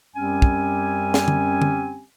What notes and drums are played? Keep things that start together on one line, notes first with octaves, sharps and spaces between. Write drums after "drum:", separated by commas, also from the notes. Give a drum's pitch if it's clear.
F#2 G3 C4 C#4 G4 G#5
drum: kick
drum: snare
drum: tom
drum: tom